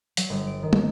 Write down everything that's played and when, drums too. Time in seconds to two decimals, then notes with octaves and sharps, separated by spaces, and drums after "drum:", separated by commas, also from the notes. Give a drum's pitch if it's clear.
0.17 F#3, drum: hi-hat
0.30 G1
0.47 D7
0.63 D#3
0.73 drum: tom